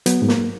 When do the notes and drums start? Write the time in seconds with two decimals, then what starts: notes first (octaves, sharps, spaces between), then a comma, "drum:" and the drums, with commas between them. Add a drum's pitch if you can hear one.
0.06 F#3 B3, drum: hi-hat
0.22 G#2
0.29 A#3, drum: snare